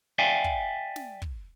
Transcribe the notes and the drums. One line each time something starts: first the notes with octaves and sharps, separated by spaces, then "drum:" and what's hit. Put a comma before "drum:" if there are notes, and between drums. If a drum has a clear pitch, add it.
D5 E5 F5 G5 G#5
drum: kick
drum: snare
drum: kick